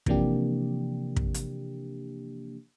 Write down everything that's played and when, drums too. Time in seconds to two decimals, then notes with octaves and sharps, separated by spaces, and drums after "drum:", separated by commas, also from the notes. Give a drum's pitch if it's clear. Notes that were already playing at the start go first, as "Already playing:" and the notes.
0.06 C3 E3 F3 A#3 D4 G4, drum: kick
1.16 drum: kick
1.34 drum: hi-hat